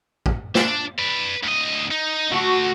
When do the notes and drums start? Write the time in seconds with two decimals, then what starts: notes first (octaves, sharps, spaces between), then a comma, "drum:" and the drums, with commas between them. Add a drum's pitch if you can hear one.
0.26 drum: kick
0.55 D4, drum: snare
0.99 B4 D5
1.43 D2 D#5
1.91 D#4
2.31 D3 A3 F#4